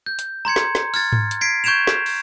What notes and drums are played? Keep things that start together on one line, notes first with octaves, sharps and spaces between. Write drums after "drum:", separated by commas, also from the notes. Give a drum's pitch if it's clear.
G6
drum: hi-hat
A#5 C6 G#6 C#7
drum: snare
drum: snare
F6 G#6 A6, drum: open hi-hat
drum: tom G#2
drum: hi-hat
G#6 B6 C7 D7
C#6 G6 G#6 D7 E7 F7
drum: snare
drum: open hi-hat